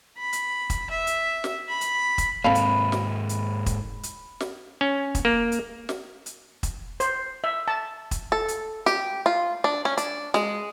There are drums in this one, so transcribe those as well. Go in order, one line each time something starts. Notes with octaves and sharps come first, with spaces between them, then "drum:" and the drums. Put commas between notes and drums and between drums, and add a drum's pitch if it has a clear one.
B5
drum: hi-hat
drum: kick, hi-hat
E5
drum: hi-hat
drum: snare
B5
drum: hi-hat
drum: kick, hi-hat
G#2 A#3 C4 A4 F5 B5
drum: hi-hat
drum: snare
drum: hi-hat
drum: kick, hi-hat
drum: hi-hat
drum: snare
C#4
drum: kick, hi-hat
A#3
drum: hi-hat
drum: snare
drum: hi-hat
drum: kick, hi-hat
C5, drum: hi-hat
E5
A5
drum: kick, hi-hat
A4
drum: hi-hat
G4, drum: snare
F4
D4
C#4
D4, drum: hi-hat
G#3, drum: snare